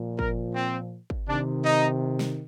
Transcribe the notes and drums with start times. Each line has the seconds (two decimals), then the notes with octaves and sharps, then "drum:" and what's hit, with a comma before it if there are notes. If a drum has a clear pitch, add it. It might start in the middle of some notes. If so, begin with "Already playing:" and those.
Already playing: A#2 F3
0.19 A#4, drum: kick
0.55 C4
1.10 drum: kick
1.28 C3 D#3 D4
1.65 D#4
2.19 drum: snare